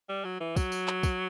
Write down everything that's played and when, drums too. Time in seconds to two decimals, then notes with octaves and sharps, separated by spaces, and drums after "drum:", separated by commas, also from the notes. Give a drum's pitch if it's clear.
0.09 G3
0.24 F#3
0.40 E3
0.56 F#3, drum: kick, tambourine
0.72 drum: tambourine
0.88 drum: clap
1.03 drum: kick, tambourine